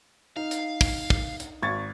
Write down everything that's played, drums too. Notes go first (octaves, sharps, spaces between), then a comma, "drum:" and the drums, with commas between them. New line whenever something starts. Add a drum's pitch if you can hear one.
D#4 F5
drum: hi-hat
drum: kick, open hi-hat
drum: kick
drum: hi-hat
G#1 C#6 G#6 A6